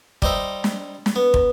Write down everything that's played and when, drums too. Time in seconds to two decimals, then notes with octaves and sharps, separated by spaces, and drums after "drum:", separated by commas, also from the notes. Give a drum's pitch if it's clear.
0.22 G3 D#4 C5 E5, drum: kick
0.64 drum: snare
1.06 drum: snare
1.16 B3
1.34 drum: kick